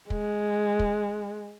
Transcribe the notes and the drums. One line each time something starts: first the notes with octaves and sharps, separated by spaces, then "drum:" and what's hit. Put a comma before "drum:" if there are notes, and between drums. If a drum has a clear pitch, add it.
G#3, drum: kick
drum: kick